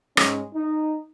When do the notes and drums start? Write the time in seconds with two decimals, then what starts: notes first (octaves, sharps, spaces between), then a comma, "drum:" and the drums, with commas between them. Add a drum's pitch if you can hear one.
0.17 G#2 G#3 C#4, drum: rim click
0.54 D#4